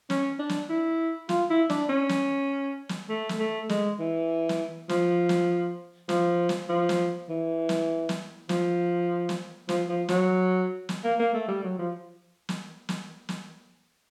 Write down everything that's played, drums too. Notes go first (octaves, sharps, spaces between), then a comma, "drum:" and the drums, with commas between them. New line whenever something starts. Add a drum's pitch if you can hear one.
C#4, drum: snare
D4
drum: snare
E4
F4, drum: snare
E4
D4, drum: snare
C#4
drum: snare
drum: snare
A3
drum: snare
A3
G#3, drum: snare
E3
drum: snare
F3, drum: snare
drum: snare
F3, drum: snare
drum: snare
F3
drum: snare
E3
drum: snare
drum: snare
F3, drum: snare
drum: snare
F3, drum: snare
F3
F#3, drum: snare
drum: snare
A#3
A#3
A3
G3
F#3
F3
drum: snare
drum: snare
drum: snare